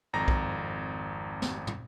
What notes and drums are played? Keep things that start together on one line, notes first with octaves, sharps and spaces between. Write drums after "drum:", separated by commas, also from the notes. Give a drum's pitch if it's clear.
G#1 F2 A#5 A#6
drum: kick
drum: snare
drum: tom